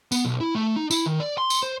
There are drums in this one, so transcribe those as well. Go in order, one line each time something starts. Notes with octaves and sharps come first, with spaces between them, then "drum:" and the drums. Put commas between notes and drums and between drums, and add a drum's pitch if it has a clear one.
B3, drum: tambourine
B1
E4
A3
D#4
E4, drum: tambourine
D#3
D5
C6
drum: tambourine
C5